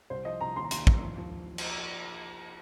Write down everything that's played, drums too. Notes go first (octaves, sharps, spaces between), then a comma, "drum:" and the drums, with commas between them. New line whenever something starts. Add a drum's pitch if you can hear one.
C2 C5
F3 D#5
C2 A#5
D#2 C6
A#5
D#2 C6, drum: hi-hat
D#2, drum: kick
F3
F3
drum: cymbal